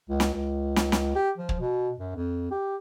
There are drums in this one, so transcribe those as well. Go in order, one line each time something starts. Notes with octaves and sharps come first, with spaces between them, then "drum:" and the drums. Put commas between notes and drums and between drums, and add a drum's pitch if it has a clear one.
C#2
drum: snare
C#2
drum: snare
drum: snare
G4
F3
drum: kick
B2
F#2
F2
G4